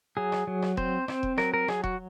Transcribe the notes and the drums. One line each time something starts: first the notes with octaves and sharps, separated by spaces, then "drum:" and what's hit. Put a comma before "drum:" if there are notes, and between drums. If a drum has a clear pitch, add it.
F#3 G#4
drum: rim click
F#3
drum: rim click
C4 C5, drum: kick E1
C4, drum: rim click
drum: kick E1
F#3 A#4, drum: rim click
A#4
F#3 G#4, drum: rim click
F#4, drum: kick E1